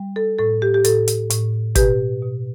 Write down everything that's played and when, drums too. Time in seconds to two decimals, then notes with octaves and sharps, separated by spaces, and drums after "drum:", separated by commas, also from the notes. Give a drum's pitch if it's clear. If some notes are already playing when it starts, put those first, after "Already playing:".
Already playing: G3
0.16 A4
0.39 A2 A4
0.62 G4
0.74 G4
0.85 A2 A4, drum: hi-hat
1.08 drum: hi-hat
1.30 A2, drum: hi-hat
1.75 B2 G4 B4, drum: kick G1, hi-hat
2.22 B2